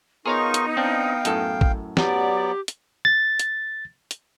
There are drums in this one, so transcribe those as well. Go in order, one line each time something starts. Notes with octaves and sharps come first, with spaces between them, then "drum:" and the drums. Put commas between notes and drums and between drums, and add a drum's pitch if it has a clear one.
B3 D#4 F4 G#4 A#4 C#5 F5 C#6
drum: hi-hat
C4 D4 F5 G5
F#2 A2 A4, drum: hi-hat
drum: kick A1
F#3 B3 G4 D5, drum: snare
drum: hi-hat
A6
drum: hi-hat
drum: hi-hat